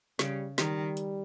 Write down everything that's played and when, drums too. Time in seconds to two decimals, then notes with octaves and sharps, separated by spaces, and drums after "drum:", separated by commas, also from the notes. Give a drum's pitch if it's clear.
0.19 C#3 G3, drum: snare
0.58 D#3 G3, drum: snare
0.97 drum: hi-hat